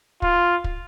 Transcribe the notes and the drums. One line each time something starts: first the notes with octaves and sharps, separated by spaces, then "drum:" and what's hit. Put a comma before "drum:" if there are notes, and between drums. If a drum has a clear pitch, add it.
F4, drum: kick
drum: kick